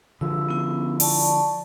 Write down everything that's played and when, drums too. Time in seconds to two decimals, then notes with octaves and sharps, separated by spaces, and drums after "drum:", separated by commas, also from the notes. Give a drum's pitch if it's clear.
0.21 D3 F3 E6
0.49 B3 C#4 E4
1.00 D5 A5 C#6, drum: open hi-hat